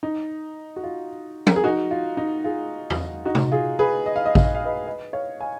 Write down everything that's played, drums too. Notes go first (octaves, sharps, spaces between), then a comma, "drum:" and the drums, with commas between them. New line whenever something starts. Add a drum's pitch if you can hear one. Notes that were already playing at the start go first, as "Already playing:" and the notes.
D#4
F#4
F4
A#4, drum: tom F3
G#4
D#4 F#4
F4
D#4
F4 G#4
drum: tom E2
D#4 F#4
drum: tom C3
F4 G#4
G#4 B4
D#5
F5
D#5
F5, drum: kick A1
D#5
F5
B4 D#5
B4 D#5
C#5 F5
F5 G#5